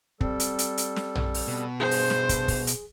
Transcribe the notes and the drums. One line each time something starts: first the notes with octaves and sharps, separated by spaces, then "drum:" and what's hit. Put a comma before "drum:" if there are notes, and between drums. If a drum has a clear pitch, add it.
G3 C4 A4, drum: kick
drum: hi-hat
drum: hi-hat
drum: hi-hat
drum: snare
drum: tom A#1
drum: open hi-hat
B2
G2 G#4 C5
drum: open hi-hat
drum: snare
drum: kick, hi-hat
drum: kick, open hi-hat
drum: hi-hat